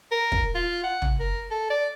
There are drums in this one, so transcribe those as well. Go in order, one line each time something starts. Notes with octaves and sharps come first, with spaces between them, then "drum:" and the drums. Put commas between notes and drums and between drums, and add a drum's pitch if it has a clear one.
A#4
drum: kick
F4
F#5
drum: tom
A#4
A4
D5